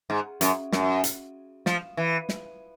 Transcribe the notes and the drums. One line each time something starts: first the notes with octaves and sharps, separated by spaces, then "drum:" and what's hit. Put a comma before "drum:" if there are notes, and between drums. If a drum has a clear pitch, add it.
G#2
F#2, drum: hi-hat
F#2, drum: snare
drum: hi-hat
F3, drum: snare
E3
drum: snare